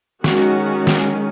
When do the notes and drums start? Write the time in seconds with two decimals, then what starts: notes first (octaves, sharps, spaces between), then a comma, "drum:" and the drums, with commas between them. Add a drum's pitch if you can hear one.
0.24 D#3 G#3 C#4 F#4, drum: snare
0.87 drum: snare